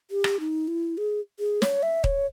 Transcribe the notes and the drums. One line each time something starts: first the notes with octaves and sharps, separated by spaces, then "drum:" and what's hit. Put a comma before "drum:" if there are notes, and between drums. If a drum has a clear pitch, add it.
G4
drum: rim click
D#4
E4
G#4
G#4
C#5, drum: snare
E5
C#5, drum: kick D#1